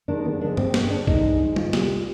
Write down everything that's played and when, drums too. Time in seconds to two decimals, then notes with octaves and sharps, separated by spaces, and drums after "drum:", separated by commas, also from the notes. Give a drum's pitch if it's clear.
0.08 D#3 G#3 D4
0.25 D#2 B3
0.41 D3 F3 G#3 D4
0.57 B2 C4, drum: tom G2
0.74 G#3 B3, drum: snare
0.91 D2 D4
1.07 D3 G#3 D#4, drum: kick A#1
1.24 G#2
1.40 D#3 G#3
1.56 D2 F4, drum: tom
1.73 C3 G3, drum: snare